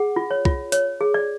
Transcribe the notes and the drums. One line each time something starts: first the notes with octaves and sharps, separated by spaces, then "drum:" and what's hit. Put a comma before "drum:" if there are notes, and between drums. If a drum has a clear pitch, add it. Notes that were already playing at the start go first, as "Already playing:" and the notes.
Already playing: G#4 F#5
F4
C#5
F4, drum: kick
C#5, drum: hi-hat
G#4
D5